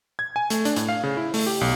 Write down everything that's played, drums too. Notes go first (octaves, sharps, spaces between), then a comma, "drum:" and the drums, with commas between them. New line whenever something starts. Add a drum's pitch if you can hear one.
G#6
G#5
A3, drum: hi-hat
D4, drum: hi-hat
A2, drum: hi-hat
F5
C#3
E4
A3, drum: open hi-hat
G4
B1